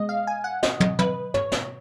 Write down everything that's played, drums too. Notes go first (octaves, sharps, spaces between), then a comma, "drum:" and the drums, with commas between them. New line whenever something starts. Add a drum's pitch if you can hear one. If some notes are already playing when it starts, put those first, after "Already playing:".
Already playing: B2 G#3 D#5
F5
G#5
F#5
D#5, drum: snare
drum: tom
B4, drum: tom
C#5, drum: tom
drum: snare